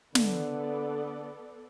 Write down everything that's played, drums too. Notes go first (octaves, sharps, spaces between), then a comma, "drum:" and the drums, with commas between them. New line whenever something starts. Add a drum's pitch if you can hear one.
D3 B3 A4 D5, drum: snare